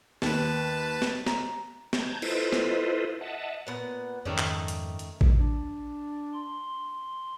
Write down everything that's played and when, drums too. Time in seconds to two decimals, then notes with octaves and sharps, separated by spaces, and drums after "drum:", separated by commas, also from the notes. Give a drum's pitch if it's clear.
0.22 D#2 B4 A5, drum: snare
1.02 drum: snare
1.26 A#5, drum: snare
1.93 A5 A#5 G6 G#6, drum: snare
2.22 E4 F4 A4 B4 C5 D#5, drum: cymbal
2.52 drum: snare
3.21 D#5 E5 F#5 A5
3.67 A#2 B3 F#5
4.25 F2 G#2 D#3 A3 C#4 D5
4.38 drum: clap
4.68 drum: hi-hat
4.99 drum: hi-hat
5.21 drum: kick A1
5.37 D4
6.33 C6